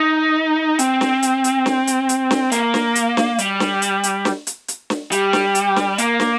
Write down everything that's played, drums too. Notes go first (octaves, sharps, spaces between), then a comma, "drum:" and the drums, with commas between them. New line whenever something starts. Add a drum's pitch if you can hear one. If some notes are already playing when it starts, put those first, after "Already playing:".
Already playing: D#4
C4, drum: hi-hat
drum: snare
drum: hi-hat
drum: hi-hat
drum: snare
drum: hi-hat
drum: hi-hat
drum: snare
A#3, drum: hi-hat
drum: snare
drum: hi-hat
drum: snare
G3, drum: hi-hat
drum: snare
drum: hi-hat
drum: hi-hat
drum: snare
drum: hi-hat
drum: hi-hat
drum: snare
G3, drum: hi-hat
drum: snare
drum: hi-hat
drum: snare
A#3, drum: hi-hat
drum: snare